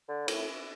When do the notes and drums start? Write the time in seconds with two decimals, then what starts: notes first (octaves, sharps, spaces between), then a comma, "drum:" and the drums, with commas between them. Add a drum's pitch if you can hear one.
0.09 D3
0.28 A2, drum: cymbal